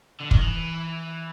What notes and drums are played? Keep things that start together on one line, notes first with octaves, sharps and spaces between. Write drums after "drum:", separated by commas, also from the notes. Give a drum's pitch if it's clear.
D3
D#3, drum: kick
E3